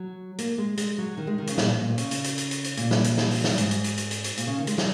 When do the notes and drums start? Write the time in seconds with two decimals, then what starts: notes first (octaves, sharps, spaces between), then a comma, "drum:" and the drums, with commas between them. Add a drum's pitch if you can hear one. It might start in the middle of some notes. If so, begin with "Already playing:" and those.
Already playing: F#3
0.38 A#3, drum: hi-hat
0.58 G#3
0.77 G#3, drum: hi-hat
0.98 F#3
1.17 D#3
1.27 G#3
1.38 D#3
1.47 C#3, drum: hi-hat
1.58 A#2, drum: snare
1.78 A#2
1.88 A#2
1.98 C#3, drum: hi-hat
2.11 drum: hi-hat
2.24 drum: hi-hat
2.38 drum: hi-hat
2.51 drum: hi-hat
2.64 drum: hi-hat
2.77 A#2, drum: hi-hat
2.91 drum: snare
3.04 drum: hi-hat
3.18 drum: snare
3.31 drum: open hi-hat
3.44 drum: snare
3.58 G#2, drum: hi-hat
3.71 drum: hi-hat
3.84 drum: hi-hat
3.98 drum: hi-hat
4.11 drum: hi-hat
4.24 drum: hi-hat
4.37 A#2, drum: hi-hat
4.47 C#3
4.57 D#3
4.67 G#3, drum: hi-hat
4.78 G#3, drum: snare